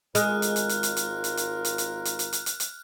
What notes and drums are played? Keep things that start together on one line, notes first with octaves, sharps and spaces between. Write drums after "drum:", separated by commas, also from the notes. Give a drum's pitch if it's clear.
G#1 G#3 F4 A#4 F6 F#6, drum: hi-hat
drum: hi-hat
drum: hi-hat
drum: hi-hat
drum: hi-hat
drum: hi-hat
drum: hi-hat
drum: hi-hat
drum: hi-hat
drum: hi-hat
drum: hi-hat
drum: hi-hat
drum: hi-hat
drum: hi-hat
drum: hi-hat